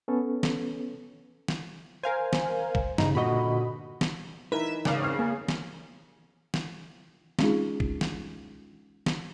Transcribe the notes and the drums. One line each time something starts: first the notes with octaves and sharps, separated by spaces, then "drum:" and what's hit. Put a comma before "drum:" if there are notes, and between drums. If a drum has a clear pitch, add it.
B3 C#4 A4 C#5
drum: snare
drum: snare
A#4 C5 F5 G#5
drum: snare
drum: kick
G2 C#3 D#4, drum: snare
A#2 D3 F#4 D#5 B5
drum: snare
E3 D#4 A#4 B4 E5
G#1 C#3 D5 F5, drum: snare
C4 F6 C7
A#3 G#4
drum: snare
drum: snare
G#3 C4 C#4 D#4 F4 G#4, drum: snare
drum: kick
drum: snare
drum: snare